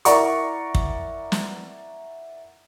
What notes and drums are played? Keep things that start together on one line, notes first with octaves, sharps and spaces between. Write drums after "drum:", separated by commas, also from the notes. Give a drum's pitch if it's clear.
E4 A#4 D5 F#5 A#5 C#6, drum: hi-hat
drum: kick
drum: snare